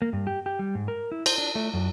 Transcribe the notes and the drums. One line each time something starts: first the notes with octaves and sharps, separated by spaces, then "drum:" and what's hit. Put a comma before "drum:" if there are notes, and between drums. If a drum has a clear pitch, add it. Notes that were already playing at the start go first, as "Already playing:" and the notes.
A#3
G2
G4
G4
G3
G#2
A#4
E4
C5, drum: cymbal
D4
A3
F#2